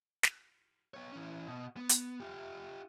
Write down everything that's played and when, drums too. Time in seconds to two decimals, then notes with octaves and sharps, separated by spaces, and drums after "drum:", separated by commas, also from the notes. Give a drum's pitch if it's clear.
0.23 drum: snare
0.94 B3 C#5
1.12 E3 C#4
1.47 B2
1.77 B3
1.89 drum: hi-hat
2.20 F4 G4